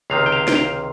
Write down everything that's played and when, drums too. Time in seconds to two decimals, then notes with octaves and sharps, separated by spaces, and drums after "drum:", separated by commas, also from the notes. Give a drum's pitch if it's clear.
0.10 C#2 C3 D#3 F5
0.26 G5
0.32 F5
0.48 G5, drum: snare
0.55 F5